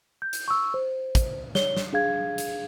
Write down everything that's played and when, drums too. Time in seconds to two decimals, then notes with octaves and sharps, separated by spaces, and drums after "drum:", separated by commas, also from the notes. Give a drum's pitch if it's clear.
0.22 G6
0.33 drum: hi-hat
0.48 C#6 E6
0.74 C5
1.15 drum: kick, hi-hat
1.55 C#5 G7, drum: snare
1.77 drum: snare
1.93 D4 G#4 F5 G#6
2.38 drum: hi-hat